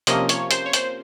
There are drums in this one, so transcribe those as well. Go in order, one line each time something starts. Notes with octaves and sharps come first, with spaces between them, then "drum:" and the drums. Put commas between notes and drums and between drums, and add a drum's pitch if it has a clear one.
C3 F3 A#3 C#4 D#5, drum: hi-hat
C#5, drum: hi-hat
C5, drum: hi-hat
C#5
C5, drum: hi-hat